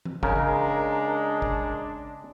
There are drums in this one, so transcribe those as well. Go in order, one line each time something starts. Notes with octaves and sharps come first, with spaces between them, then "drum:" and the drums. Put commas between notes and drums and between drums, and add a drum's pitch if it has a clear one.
drum: tom E3
C#3 G#3 D4 A#4, drum: kick
drum: kick